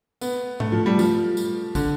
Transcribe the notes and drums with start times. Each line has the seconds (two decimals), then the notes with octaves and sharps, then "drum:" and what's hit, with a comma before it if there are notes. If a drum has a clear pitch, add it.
0.21 B3, drum: tambourine
0.60 A3, drum: tom G#2
0.72 F3
0.86 G3
0.99 F3, drum: tambourine
1.37 drum: tambourine
1.75 D3, drum: kick, tambourine